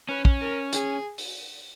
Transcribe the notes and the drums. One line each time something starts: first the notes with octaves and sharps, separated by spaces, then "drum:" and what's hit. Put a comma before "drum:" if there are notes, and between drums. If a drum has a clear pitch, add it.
C#4 B4
C#4, drum: kick
A#4
G#4, drum: hi-hat
drum: open hi-hat